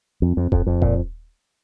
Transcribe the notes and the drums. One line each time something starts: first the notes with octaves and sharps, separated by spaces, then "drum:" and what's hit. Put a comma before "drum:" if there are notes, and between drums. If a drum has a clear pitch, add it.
F2
F2
F2, drum: kick D#1
F2
A#2, drum: kick D#1